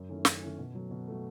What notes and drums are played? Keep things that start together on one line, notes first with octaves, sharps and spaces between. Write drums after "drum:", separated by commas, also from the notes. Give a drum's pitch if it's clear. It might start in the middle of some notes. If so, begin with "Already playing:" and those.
Already playing: F#2
D#3 A3 C#4 E4
F#2, drum: snare
D#3 A3 C#4 E4
B2
F#3 A3
B2
F#3 A3